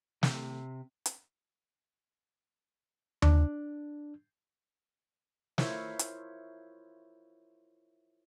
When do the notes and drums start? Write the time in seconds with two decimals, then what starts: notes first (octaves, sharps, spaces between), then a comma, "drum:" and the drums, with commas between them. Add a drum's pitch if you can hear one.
0.23 C3, drum: snare
1.06 drum: hi-hat
3.22 D4, drum: tom D#2
5.58 E4 F4 A#4 C5 C#5 E5, drum: snare
5.99 drum: hi-hat